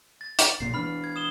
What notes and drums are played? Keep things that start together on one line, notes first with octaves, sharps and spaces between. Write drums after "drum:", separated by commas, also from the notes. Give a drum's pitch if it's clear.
A6
drum: hi-hat
B1 A#2 C7
E3 B3 D4 B5 F6
G#6
D#6 E7 G7